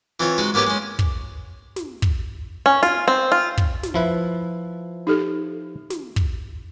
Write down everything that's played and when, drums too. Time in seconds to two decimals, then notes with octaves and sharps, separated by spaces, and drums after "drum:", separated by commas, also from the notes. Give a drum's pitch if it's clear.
0.20 E3 C4 F4 C#5
0.38 G#3 D#4 F#4
0.54 A#3 B3 C#4 G4 G#4
0.67 G#3 C#4
0.99 drum: kick
1.76 drum: snare
2.02 drum: kick
2.66 C#4
2.83 F4, drum: snare
3.08 C4
3.32 F4
3.57 drum: kick
3.83 drum: snare
3.94 F3 E4 B4
5.07 D#4 G4 A4
5.90 drum: snare
6.16 drum: kick